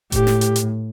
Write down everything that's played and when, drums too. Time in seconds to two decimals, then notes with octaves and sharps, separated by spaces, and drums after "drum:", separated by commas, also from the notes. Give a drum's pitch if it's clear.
0.12 A2 G4, drum: kick F1, hi-hat
0.27 drum: snare
0.41 drum: hi-hat
0.56 drum: hi-hat